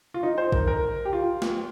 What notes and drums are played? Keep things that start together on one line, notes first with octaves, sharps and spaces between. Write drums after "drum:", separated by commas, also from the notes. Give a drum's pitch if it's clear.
F4
D#4
C5
A#4, drum: kick A#1
A#4
G4
F4
drum: snare